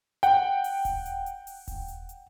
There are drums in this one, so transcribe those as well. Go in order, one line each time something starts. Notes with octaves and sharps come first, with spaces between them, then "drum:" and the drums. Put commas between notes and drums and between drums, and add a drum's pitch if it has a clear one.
F#5 G5, drum: hi-hat
drum: open hi-hat
drum: kick D#1, open hi-hat
drum: hi-hat
drum: hi-hat
drum: open hi-hat
drum: kick D#1, open hi-hat
drum: hi-hat
drum: hi-hat